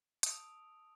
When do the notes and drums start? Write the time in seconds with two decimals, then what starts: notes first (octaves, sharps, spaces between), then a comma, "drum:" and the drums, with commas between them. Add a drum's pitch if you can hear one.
0.23 A5 D#6 E6 D7 F7, drum: hi-hat